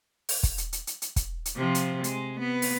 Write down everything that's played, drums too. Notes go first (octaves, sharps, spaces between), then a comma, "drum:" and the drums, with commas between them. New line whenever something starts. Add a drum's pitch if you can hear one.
drum: open hi-hat
drum: kick, hi-hat
drum: hi-hat
drum: hi-hat
drum: hi-hat
drum: hi-hat
drum: kick, hi-hat
drum: hi-hat
C3 F3
drum: hi-hat
G#3, drum: hi-hat
B3
drum: open hi-hat